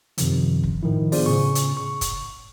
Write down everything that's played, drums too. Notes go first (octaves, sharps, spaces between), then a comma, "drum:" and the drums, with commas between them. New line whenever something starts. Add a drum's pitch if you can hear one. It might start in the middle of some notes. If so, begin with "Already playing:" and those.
F#2 C3 D#3 F3, drum: hi-hat
drum: kick
A2 D#3 F3 E4
B3 D4 F4 G#4 C5 D5, drum: open hi-hat
A2 C#3 G#4 C#6
drum: hi-hat
C#6
drum: kick, hi-hat